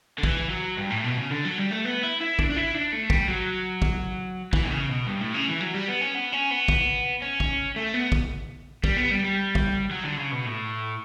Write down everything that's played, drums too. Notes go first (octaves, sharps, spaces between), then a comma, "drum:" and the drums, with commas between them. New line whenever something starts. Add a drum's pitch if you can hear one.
D3
E3, drum: kick
F#3
G2
A2
B2
C#3
D3
F#3
G3
A3
B3
E4
E4
D4, drum: kick
D4
E4
D4
A3
G3, drum: kick
F#3
drum: kick
E3, drum: kick
B2
C#3
B2
G2
A2
C#3
E3
F#3
G3
B3
C#4
B3
C#4
B3
drum: kick
C#4
drum: kick
A3
B3
drum: kick
G3, drum: kick
B3
G3
G3
drum: kick
F#3
D3
C#3
B2
A2